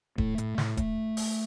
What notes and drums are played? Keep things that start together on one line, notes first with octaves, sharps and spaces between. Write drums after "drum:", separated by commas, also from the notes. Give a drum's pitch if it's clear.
A2 A3, drum: kick D#1
A2, drum: hi-hat
A2, drum: snare
drum: kick D#1, hi-hat
drum: open hi-hat